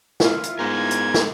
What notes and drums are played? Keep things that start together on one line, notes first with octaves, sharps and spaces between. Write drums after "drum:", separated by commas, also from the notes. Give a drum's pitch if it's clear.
E4 F4, drum: snare
drum: hi-hat
G#2 B3 A#4 G#6
drum: hi-hat
drum: snare